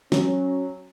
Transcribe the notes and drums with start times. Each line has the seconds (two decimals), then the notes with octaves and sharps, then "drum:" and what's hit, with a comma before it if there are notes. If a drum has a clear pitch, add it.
0.12 F#3 C#4, drum: snare